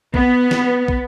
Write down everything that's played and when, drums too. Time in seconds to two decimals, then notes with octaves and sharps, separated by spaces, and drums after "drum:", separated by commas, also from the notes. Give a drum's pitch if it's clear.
0.14 B3, drum: kick
0.51 drum: snare
0.88 drum: kick